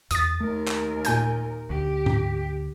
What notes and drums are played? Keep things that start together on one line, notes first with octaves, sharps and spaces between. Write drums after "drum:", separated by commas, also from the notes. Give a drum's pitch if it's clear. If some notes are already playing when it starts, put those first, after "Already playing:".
E2 D#6 A6, drum: hi-hat
D#2 A3 A#4
drum: clap
A#2 G#5 G6, drum: hi-hat
D2 G4
drum: tom G#2